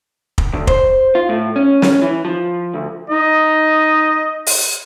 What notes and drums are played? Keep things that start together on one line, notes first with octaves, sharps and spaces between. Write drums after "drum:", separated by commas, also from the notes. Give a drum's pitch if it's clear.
drum: kick
D2
C5, drum: kick
F4
A2
C#4
C#4, drum: snare
E3
F3
D2
D#4 D#5
drum: open hi-hat